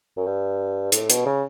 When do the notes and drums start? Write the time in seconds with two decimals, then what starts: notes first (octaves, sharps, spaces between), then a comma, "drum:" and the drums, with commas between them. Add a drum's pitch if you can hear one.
0.17 F#2
0.26 G2
0.92 A2, drum: hi-hat
1.10 B2, drum: hi-hat
1.26 C#3